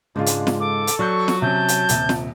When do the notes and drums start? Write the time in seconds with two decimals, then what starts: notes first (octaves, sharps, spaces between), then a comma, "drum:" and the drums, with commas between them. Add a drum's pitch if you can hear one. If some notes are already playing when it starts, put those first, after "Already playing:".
0.16 G#2 C#3 G#3 D4 F4
0.26 drum: hi-hat
0.47 drum: snare
0.60 A4 D6
0.87 drum: hi-hat
0.99 F#3 D5 C#6 F#6 G6
1.28 drum: snare
1.42 C3 C#4 A5 G6
1.68 drum: hi-hat
1.89 D#1 C3, drum: hi-hat
2.09 drum: snare